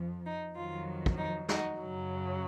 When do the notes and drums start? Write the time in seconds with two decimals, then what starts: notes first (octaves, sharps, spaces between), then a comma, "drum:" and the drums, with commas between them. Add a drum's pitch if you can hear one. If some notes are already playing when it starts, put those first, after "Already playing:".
Already playing: F2 F3
0.25 D#4
0.55 F2 D#3 F#3 F4
1.06 drum: kick
1.17 D#4
1.49 D#4 F#4, drum: snare
1.80 F#2 C#3 F#3